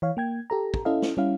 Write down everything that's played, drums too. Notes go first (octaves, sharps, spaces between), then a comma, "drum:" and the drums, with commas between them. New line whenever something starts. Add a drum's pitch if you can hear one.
E3 C#5 F5
A#3 G5 G#6
G4 A4 A#5
drum: kick
C#4 E4 A4 D#5 F5
drum: snare
G3 C#4 E4 F5